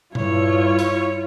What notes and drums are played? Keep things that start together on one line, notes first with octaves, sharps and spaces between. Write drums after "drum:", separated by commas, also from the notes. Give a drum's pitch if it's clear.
G2 E4 F4 C#5, drum: tom A#2
drum: hi-hat